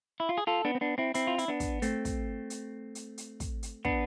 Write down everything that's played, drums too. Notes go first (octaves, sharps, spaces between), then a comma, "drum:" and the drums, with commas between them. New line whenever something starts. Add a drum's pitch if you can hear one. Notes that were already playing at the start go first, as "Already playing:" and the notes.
E4
F4
G#4
F4 A4
B3 D4
C4
B3 D4
C4 E4
C4 E4, drum: hi-hat
F4
E4, drum: hi-hat
B3 D4
drum: kick, hi-hat
A3 C4, drum: hi-hat
drum: kick, hi-hat
drum: hi-hat
drum: hi-hat
drum: hi-hat
drum: kick, hi-hat
drum: hi-hat
B3 D4, drum: kick